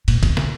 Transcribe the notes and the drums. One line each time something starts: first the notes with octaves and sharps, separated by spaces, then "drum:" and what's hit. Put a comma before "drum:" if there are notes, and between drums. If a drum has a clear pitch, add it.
A#2, drum: cymbal
B2, drum: kick, cymbal
drum: snare